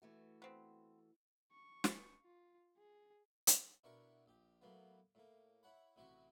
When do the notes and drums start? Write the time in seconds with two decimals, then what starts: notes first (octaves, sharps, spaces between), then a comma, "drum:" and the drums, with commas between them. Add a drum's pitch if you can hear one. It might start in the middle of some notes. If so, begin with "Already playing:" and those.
0.02 E3 A3 F#4
0.42 B3 C4
1.52 C#6
1.84 drum: snare
2.22 F4
2.78 G#4
3.47 drum: hi-hat
3.84 B2 D4 E4 A#4 C#6
4.26 A#1 G4
4.61 A2 F#3 A#3 B3
5.15 A2 A#3
5.63 E4 C#5 F#5 B5
5.96 A1 C3 E4 F#4 C#6